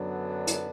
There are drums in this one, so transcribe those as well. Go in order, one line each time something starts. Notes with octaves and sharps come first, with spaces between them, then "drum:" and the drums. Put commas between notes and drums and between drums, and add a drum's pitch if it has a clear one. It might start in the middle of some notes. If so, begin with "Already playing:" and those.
Already playing: F#2 D3 F#3 B3 D4
drum: hi-hat